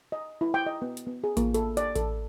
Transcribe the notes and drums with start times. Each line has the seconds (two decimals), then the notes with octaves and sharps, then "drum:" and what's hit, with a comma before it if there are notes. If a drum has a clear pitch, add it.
0.12 D#5
0.41 E4
0.54 G5
0.67 D#5
0.82 B3
0.97 drum: hi-hat
1.07 B3
1.24 G#4
1.37 A#3, drum: kick A1, hi-hat
1.54 A4, drum: hi-hat
1.77 D5, drum: hi-hat
1.96 A4, drum: kick A1, hi-hat